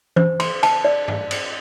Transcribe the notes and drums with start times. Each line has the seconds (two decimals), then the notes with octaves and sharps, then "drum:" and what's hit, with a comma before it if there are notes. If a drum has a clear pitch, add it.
0.16 C5, drum: tom E3
0.40 C6, drum: cymbal
0.63 A5, drum: cymbal
0.85 D5
1.08 drum: tom G#2
1.31 drum: cymbal